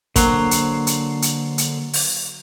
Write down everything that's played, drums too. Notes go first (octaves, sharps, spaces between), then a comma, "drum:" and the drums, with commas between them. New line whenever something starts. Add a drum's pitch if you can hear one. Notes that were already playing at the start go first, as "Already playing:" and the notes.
D3 F#3 A#3 C5, drum: kick, hi-hat
drum: hi-hat
drum: hi-hat
drum: hi-hat
drum: hi-hat
drum: open hi-hat